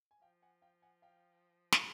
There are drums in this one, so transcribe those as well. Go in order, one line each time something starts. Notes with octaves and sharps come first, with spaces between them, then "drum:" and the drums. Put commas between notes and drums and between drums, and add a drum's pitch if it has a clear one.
G#5
F3 F5 G5
F#5 G#5
F5 G5
F#5 G#5
F5 G5
drum: snare